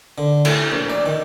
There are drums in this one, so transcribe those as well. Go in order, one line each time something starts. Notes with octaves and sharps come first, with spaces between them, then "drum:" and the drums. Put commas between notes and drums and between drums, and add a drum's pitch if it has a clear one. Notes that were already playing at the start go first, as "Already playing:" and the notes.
D3
A2, drum: cymbal
A#1
D5
D#3